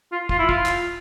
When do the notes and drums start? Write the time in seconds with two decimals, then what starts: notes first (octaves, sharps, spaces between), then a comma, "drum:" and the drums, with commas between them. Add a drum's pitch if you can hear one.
0.12 F4
0.29 F4, drum: kick
0.39 E4
0.49 F4, drum: kick
0.66 drum: clap